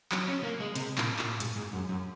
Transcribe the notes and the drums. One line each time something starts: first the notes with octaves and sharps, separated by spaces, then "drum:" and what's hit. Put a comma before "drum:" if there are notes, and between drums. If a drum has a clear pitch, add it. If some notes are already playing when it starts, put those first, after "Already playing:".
F#3, drum: clap
C#4
A#3
G#3
C3, drum: hi-hat
A#2, drum: clap
A#2, drum: clap
G#2, drum: hi-hat
G#2
F#2
F#2